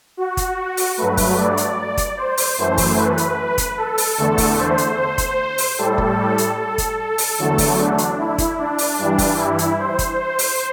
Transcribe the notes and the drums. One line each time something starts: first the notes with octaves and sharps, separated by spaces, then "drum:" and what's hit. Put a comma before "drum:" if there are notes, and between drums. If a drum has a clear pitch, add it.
F#4
drum: kick F#1, hi-hat
drum: open hi-hat
G2 F#3 A3 B4
drum: kick F#1, open hi-hat
D5
drum: hi-hat
drum: kick F#1, hi-hat
C5
drum: open hi-hat
F#2 E3 A3
drum: kick F#1, open hi-hat
B4
drum: hi-hat
drum: kick F#1, hi-hat
A4
drum: open hi-hat
E2 D3 A3
drum: kick F#1, open hi-hat
C5
drum: hi-hat
drum: kick F#1, hi-hat
drum: open hi-hat
A2 G3 A4
drum: kick F#1
drum: hi-hat
A4
drum: kick F#1, hi-hat
A4
drum: open hi-hat
E2 D3 F#3 A3
drum: kick F#1, open hi-hat
D4
drum: hi-hat
E4
drum: kick F#1, hi-hat
D4
drum: open hi-hat
G2 E3 G3
drum: kick F#1, open hi-hat
E4
drum: hi-hat
C5
drum: kick F#1, hi-hat
C5
drum: open hi-hat